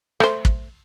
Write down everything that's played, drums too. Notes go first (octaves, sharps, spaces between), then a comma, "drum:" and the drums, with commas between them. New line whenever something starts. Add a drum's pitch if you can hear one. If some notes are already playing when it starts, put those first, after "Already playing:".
A3 C5, drum: rim click
drum: kick